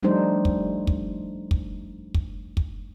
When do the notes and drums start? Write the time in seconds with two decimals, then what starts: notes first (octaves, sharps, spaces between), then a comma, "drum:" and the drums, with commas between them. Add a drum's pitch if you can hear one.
0.03 F3 G3 A3 D4 D#4 C5
0.45 drum: kick
0.87 drum: kick
1.51 drum: kick
2.14 drum: kick
2.57 drum: kick